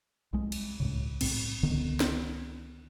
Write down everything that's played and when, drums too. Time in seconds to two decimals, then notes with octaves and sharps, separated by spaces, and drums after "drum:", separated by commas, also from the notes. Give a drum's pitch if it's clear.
0.33 C2 G#3
0.52 drum: cymbal
0.80 C#2 A2 C#3
1.21 C2 A2 C4, drum: cymbal
1.63 C#2 D3 D#3 B3
2.00 drum: snare